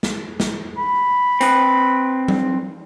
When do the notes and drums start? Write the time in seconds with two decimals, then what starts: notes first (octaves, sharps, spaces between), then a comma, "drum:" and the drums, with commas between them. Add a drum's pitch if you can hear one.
0.03 drum: snare
0.40 drum: snare
0.78 B5
1.41 C4 B4, drum: hi-hat
2.28 drum: tom F#3